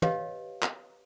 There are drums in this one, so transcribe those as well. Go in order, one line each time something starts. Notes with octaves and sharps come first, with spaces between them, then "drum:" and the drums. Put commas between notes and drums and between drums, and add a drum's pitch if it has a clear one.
G4 B4 C#5 D#5 F5, drum: tom
drum: clap